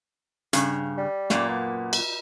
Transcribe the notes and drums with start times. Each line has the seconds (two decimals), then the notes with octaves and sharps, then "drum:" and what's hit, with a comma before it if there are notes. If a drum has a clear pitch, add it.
0.53 G2 C#3, drum: hi-hat
0.98 G3
1.30 F#2 A#2 A#3, drum: snare
1.48 B3
1.93 drum: cymbal